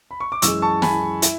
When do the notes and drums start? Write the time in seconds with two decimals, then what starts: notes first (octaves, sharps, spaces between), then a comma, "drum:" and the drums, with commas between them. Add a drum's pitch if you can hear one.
0.11 B5
0.20 C#6
0.32 D6
0.42 F#2 E3 G#3 C#6 E6, drum: hi-hat
0.62 A5 C#6
0.82 G#5 B5, drum: snare
1.22 E4, drum: hi-hat